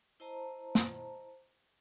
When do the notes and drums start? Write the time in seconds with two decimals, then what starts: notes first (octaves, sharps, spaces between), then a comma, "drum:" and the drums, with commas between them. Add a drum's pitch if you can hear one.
0.20 E4 C5 D#5 A5 A#5
0.75 drum: snare